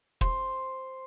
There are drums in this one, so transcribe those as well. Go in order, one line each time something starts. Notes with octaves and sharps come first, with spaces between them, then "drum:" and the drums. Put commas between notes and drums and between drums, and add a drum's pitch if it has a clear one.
C5, drum: kick